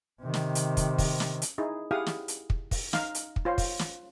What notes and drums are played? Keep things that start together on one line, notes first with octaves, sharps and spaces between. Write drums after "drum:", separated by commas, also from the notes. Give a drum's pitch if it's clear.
C3 D#3
drum: snare
drum: hi-hat
drum: kick, hi-hat
drum: kick, open hi-hat
drum: snare
drum: hi-hat
D#4 E4 G#4
E4 G4 G#4 F5 F#5 D#6
drum: snare
drum: hi-hat
drum: kick
drum: kick, open hi-hat
D#4 F5 A#5, drum: snare
drum: hi-hat
drum: kick
F4 C5 C#5 C6
drum: kick, open hi-hat
drum: snare